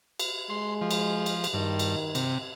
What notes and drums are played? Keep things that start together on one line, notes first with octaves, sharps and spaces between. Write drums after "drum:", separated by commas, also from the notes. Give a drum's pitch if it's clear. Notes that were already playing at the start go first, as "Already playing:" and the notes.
drum: cymbal
G#3 C6
F3
drum: cymbal
drum: cymbal
drum: cymbal
G2 D#3
drum: cymbal
C3, drum: cymbal